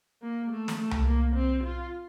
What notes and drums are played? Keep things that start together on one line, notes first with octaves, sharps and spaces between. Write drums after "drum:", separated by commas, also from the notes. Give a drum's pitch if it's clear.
A#3
A3
drum: snare
A3
drum: tom C2
A#3
C4
F4